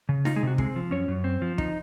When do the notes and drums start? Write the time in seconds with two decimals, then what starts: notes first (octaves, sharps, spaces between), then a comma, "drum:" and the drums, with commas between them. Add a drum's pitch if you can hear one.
0.09 C#3
0.25 D#4 F4, drum: snare
0.36 G#3 G#4
0.43 C3 F#4
0.58 G#3 C4 G#4, drum: kick
0.76 F3
0.91 F#2 C#4 C#5
1.08 F#2
1.24 C4
1.42 F3
1.58 D#4, drum: kick